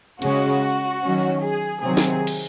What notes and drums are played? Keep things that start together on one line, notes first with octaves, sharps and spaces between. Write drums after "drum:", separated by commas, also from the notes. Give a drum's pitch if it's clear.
C#3 G#3 C#4 F#4, drum: cymbal
D#3 F#3 C#4
G#4
C3 D#3 F#3 C4 G#4
drum: snare
drum: cymbal